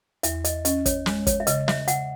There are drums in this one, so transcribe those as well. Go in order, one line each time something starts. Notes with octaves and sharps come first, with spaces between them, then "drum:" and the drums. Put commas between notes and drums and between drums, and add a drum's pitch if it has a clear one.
E2 E5, drum: hi-hat
D#5, drum: hi-hat
C#4 D#5, drum: hi-hat
C#5, drum: kick, hi-hat
G#3, drum: snare
C#5, drum: kick, hi-hat
E5
C#3 D#5, drum: hi-hat
E5, drum: snare
C#3 F#5, drum: hi-hat